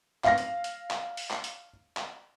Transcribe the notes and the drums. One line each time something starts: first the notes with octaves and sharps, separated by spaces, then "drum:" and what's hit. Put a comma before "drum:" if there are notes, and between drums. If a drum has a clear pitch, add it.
F5 A#6, drum: clap
drum: hi-hat
drum: hi-hat
drum: clap
drum: open hi-hat
drum: clap
drum: hi-hat
drum: clap